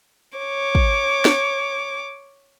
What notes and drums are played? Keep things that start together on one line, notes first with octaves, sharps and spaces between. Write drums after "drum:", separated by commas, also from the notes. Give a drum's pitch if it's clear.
C#5 D6
drum: kick
drum: snare